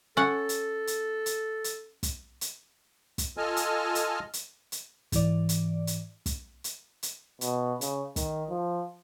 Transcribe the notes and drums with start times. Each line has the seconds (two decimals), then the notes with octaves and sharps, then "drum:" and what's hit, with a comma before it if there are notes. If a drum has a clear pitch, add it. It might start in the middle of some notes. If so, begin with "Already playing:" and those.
0.17 C#4 A4 F#5
0.49 drum: hi-hat
0.87 drum: hi-hat
1.26 drum: hi-hat
1.64 drum: hi-hat
2.03 drum: kick, hi-hat
2.41 drum: hi-hat
3.18 drum: kick, hi-hat
3.37 F4 A4 D#5 G#5 A5 F6
3.57 drum: hi-hat
3.95 drum: hi-hat
4.33 drum: hi-hat
4.72 drum: hi-hat
5.12 G#2 E3 D5, drum: kick, hi-hat
5.49 drum: hi-hat
5.87 drum: hi-hat
6.26 drum: kick, hi-hat
6.64 drum: hi-hat
7.03 drum: hi-hat
7.41 B2, drum: hi-hat
7.81 C#3, drum: hi-hat
8.16 D#3, drum: kick, hi-hat
8.50 F3